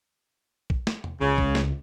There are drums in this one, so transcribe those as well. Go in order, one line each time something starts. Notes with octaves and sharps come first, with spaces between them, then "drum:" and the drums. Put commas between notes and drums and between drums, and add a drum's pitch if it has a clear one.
drum: kick
drum: snare
drum: tom E2
C#2 C#3
drum: kick
drum: snare